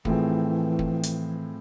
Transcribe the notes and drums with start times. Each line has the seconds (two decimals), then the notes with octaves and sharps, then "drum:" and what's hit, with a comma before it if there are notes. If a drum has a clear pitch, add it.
0.05 A2 E3 F3 A3 C4 G#4, drum: kick
0.79 drum: kick
1.03 drum: hi-hat